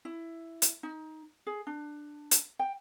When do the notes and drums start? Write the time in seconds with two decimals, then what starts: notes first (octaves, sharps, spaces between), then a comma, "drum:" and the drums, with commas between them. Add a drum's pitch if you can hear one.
0.05 E4
0.62 drum: hi-hat
0.83 D#4
1.47 G#4
1.67 D4
2.31 drum: hi-hat
2.59 G5